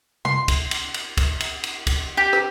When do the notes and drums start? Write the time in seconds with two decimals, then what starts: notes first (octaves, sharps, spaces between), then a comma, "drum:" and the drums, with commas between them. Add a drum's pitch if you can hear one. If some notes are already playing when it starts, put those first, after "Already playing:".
0.25 C6, drum: tom C3
0.48 drum: kick, cymbal
0.71 drum: cymbal
0.94 drum: cymbal
1.17 drum: kick, cymbal
1.40 drum: cymbal
1.64 drum: cymbal
1.87 drum: kick, cymbal
2.17 G4
2.33 drum: rim click